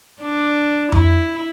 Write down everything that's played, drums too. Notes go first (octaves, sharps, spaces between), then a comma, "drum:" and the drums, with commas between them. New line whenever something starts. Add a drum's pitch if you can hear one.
D4
E4, drum: tom F2